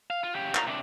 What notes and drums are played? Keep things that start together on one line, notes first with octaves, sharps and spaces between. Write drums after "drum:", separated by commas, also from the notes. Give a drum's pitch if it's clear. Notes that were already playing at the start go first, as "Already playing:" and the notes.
F5
F4
C#3 G4
F4 A#5, drum: clap
C3 D4